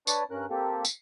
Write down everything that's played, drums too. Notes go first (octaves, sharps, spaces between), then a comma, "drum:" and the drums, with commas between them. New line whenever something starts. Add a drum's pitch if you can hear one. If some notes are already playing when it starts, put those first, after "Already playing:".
D4 B4 C#5 D5 A5, drum: tambourine
G2 C#4 A#4 F#6
A#3 C4 G4 A4
drum: tambourine